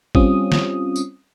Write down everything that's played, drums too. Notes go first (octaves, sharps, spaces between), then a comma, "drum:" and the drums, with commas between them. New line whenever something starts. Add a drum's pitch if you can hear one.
G3 C4 C#4 F4 D#6, drum: kick G#1
drum: snare
drum: tambourine